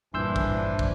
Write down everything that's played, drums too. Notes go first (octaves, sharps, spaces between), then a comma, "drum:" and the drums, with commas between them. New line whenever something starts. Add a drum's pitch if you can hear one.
G2 A#2 E3 F3 D4 C6 E6 G6
drum: kick
drum: kick